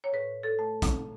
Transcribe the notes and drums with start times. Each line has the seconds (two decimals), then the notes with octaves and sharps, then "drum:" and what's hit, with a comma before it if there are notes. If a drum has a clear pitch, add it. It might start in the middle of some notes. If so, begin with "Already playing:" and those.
0.04 C#5
0.13 A2 B4
0.43 A4
0.59 A3
0.82 drum: kick, hi-hat